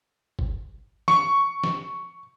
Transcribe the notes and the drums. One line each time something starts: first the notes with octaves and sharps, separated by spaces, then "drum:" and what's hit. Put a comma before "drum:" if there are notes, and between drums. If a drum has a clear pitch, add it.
drum: kick
C#6, drum: snare
drum: snare